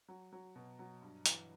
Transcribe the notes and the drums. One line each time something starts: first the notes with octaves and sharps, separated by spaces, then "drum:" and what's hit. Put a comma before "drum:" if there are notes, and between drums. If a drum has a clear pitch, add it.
F#3
F#3
B2
F#3
G2
E3, drum: hi-hat